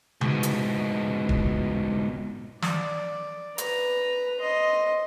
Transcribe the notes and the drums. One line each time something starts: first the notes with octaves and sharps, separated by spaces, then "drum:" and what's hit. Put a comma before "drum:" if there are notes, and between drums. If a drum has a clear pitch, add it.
G#2 B2, drum: tom C#3
drum: hi-hat
drum: kick E1
D5, drum: snare
B4 A#5, drum: hi-hat
D#5 C6